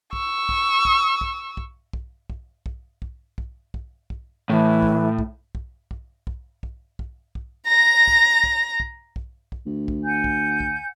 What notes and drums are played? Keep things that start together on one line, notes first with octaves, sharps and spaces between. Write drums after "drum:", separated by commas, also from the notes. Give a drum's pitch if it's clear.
C#6 E6, drum: kick
drum: kick
drum: kick
drum: kick
drum: kick
drum: kick
drum: kick
drum: kick
drum: kick
drum: kick
drum: kick
drum: kick
A2 E3
drum: kick
drum: kick
drum: kick
drum: kick
drum: kick
drum: kick
drum: kick
drum: kick
A#5 A#6
drum: kick
drum: kick
drum: kick
drum: kick
drum: kick
D2
drum: kick
F#5 G#5 G6
drum: kick
drum: kick